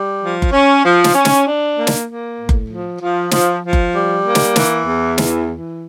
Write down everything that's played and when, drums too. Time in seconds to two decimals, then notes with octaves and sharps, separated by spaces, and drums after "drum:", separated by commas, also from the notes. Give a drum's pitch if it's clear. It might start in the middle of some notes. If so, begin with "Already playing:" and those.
Already playing: G3
0.22 F3
0.42 drum: kick F#1
0.52 C#4
0.83 F3
1.04 drum: snare
1.14 C#4
1.25 drum: snare
1.46 D4
1.77 A#3
1.87 drum: snare
2.07 A#3
2.39 A2
2.49 drum: kick F#1
2.70 F3
3.00 F3
3.31 F3, drum: snare
3.63 F3
3.73 drum: kick F#1
3.94 G3
4.24 A#3
4.35 drum: snare
4.56 E3, drum: snare
4.86 E2
5.18 E3, drum: snare
5.49 E3